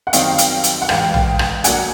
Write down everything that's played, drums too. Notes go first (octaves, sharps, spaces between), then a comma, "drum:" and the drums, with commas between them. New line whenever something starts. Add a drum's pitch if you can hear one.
F#5
F#2 D#3 G3 C4 D#4 F5 G5, drum: hi-hat
drum: hi-hat
drum: hi-hat
F#5
A1 G#2 E3 F5 G5, drum: rim click
drum: tom
drum: rim click
D3 F#3 A#3 F#5 G#5, drum: hi-hat